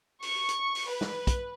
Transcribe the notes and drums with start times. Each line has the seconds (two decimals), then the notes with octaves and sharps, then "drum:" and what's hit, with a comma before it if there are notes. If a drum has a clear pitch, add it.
0.22 C#6, drum: open hi-hat
0.49 drum: hi-hat
0.75 drum: open hi-hat
0.88 B4
1.01 drum: snare
1.27 drum: kick, hi-hat